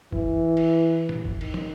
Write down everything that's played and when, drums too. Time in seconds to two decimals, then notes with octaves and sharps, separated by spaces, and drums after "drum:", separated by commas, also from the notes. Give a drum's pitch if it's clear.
0.12 E3, drum: kick
0.57 drum: cymbal
1.09 drum: tom A#2
1.25 drum: kick
1.41 D#3, drum: cymbal
1.54 drum: tom